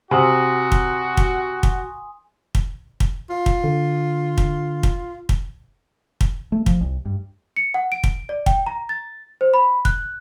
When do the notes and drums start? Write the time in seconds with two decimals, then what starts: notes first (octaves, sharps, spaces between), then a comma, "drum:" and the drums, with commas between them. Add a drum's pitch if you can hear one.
0.11 C3 F#4 G#5 C6 D#6
0.72 drum: kick
1.17 drum: kick
1.63 drum: kick
2.55 drum: kick
3.00 drum: kick
3.30 F4
3.46 drum: kick
3.64 D3
4.38 drum: kick
4.83 drum: kick
5.29 drum: kick
6.21 drum: kick
6.52 A3
6.66 F3, drum: kick
6.81 C2
7.05 G2
7.56 C#7
7.74 F#5
7.92 D7
8.04 drum: kick
8.29 D5
8.46 G5, drum: kick
8.66 A#5
8.89 A6
9.41 C5
9.54 B5
9.85 F#6, drum: kick